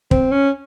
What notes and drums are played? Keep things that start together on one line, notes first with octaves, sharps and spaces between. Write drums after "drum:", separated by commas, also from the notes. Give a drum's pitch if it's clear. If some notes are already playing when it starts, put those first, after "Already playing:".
C4, drum: kick
C#4